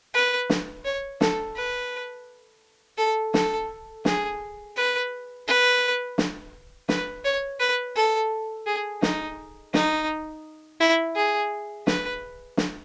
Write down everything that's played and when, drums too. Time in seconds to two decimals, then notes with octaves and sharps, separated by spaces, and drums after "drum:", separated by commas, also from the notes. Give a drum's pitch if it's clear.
0.14 B4
0.50 drum: snare
0.85 C#5
1.21 A4, drum: snare
1.56 B4
2.98 A4
3.34 A4, drum: snare
4.05 G#4, drum: snare
4.76 B4
5.48 B4
6.18 drum: snare
6.89 B4, drum: snare
7.25 C#5
7.60 B4
7.96 A4
8.66 G#4
9.02 D#4, drum: snare
9.74 D#4, drum: snare
10.80 E4
11.16 G#4
11.87 B4, drum: snare
12.57 drum: snare